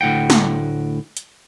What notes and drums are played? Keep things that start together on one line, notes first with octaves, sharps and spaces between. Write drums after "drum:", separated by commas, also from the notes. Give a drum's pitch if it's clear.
D2 A2 F#5 G5
drum: snare
drum: hi-hat